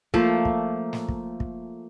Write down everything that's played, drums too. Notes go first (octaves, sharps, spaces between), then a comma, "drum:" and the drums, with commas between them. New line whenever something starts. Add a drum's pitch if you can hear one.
F3 A3 A#3, drum: kick
drum: kick
drum: snare
drum: kick
drum: kick